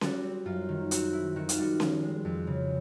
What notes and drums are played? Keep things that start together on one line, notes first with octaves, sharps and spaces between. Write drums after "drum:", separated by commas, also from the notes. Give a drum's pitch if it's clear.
G3 F#4, drum: snare C#4
C4
F#2 F4
D#3
C4 F#4, drum: hi-hat
E4
D#3 F#4
F4, drum: hi-hat
G3 F#4
F3, drum: snare C#4
G#3
F2
C#3